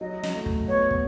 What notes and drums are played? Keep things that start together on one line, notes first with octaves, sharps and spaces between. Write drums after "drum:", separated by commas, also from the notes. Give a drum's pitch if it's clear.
F#3 D#5
drum: snare
A3
drum: kick
B3 C#5
drum: kick